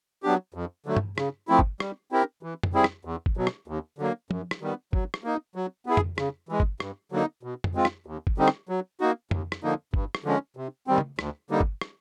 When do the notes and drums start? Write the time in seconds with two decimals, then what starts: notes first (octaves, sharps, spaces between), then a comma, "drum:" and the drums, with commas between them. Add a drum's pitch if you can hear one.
0.23 F#3 B3 D4 G4
0.54 F2
0.86 D3 F#3 A3
0.97 drum: tom G2
1.18 C#3, drum: rim click
1.48 F3 A3 C4 E4
1.59 drum: kick G1
1.80 G3, drum: rim click
2.12 C4 E4 G4 A#4
2.43 E3
2.63 drum: tom F2
2.74 G3 C4 E4 G#4
2.84 drum: rim click
3.05 E2
3.26 drum: kick G1
3.37 B2 F#3
3.47 drum: rim click
3.68 D#2
3.98 D3 F#3 A#3
4.31 F#2, drum: tom F3
4.51 drum: rim click
4.61 D#3 G3 B3
4.93 F#3, drum: kick G1
5.14 drum: rim click
5.24 A#3 D#4
5.55 F#3
5.86 B3 E4 G#4
5.97 drum: tom F2
6.18 C#3, drum: rim click
6.49 E3 G#3
6.60 drum: kick G1
6.80 G2, drum: rim click
7.12 D3 F#3 A#3 D#4
7.43 B2
7.64 drum: tom F2
7.75 G#3 C4 F4
7.85 drum: rim click
8.06 D#2
8.27 drum: kick G1
8.38 D3 G3 C4 D#4
8.48 drum: rim click
8.69 F#3
9.00 A#3 D#4 F#4
9.31 D#2, drum: tom F2
9.52 drum: rim click
9.63 D3 F3 A#3 D#4
9.94 G2, drum: kick G1
10.15 drum: rim click
10.24 D3 F3 G#3 C#4
10.57 C3
10.87 D#3 G3 C4
10.98 drum: tom
11.19 D2, drum: rim click
11.50 D3 G3 A#3 D#4
11.61 drum: kick G1
11.81 drum: rim click